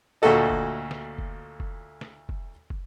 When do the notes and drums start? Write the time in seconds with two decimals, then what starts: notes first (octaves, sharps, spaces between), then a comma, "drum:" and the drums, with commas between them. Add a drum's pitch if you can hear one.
0.22 D2 A#2 A3 F#4 A4 D#5
0.49 drum: kick
0.91 drum: snare
1.18 drum: kick
1.60 drum: kick
2.01 drum: snare
2.29 drum: kick
2.70 drum: kick